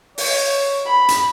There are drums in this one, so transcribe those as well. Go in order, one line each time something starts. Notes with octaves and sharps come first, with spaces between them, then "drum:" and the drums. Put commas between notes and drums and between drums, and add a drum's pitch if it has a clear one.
C#5, drum: open hi-hat
B5
drum: hi-hat